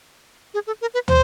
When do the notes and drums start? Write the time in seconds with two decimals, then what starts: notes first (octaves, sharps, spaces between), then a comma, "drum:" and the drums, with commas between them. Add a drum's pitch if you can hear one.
0.54 G#4
0.67 A4
0.81 A#4
0.94 B4
1.08 C5, drum: tom